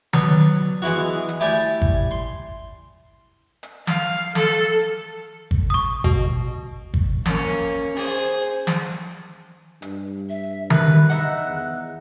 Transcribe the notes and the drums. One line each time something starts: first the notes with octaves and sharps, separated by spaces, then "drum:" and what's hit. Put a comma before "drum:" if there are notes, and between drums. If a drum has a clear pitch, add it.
F#3 B3 D4, drum: tom D#3
E3 G#3 B3 E4 F#4
drum: hi-hat
A3 E4 G4 D5 G#5
drum: kick
C6
drum: hi-hat
F5, drum: snare
A4, drum: snare
drum: kick
C#6 D#6
B2, drum: kick
drum: kick
A#3 C#4, drum: snare
G#4 C5, drum: open hi-hat
drum: snare
G2, drum: hi-hat
E5
E4 A#4 B4 F#6, drum: tom D#3
D#4 E5 F#5 A#5
E2